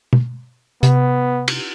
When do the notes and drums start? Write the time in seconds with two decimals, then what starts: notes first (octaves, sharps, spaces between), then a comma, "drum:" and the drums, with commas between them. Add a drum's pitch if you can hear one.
0.13 drum: tom
0.83 C3 B3, drum: hi-hat
1.48 drum: cymbal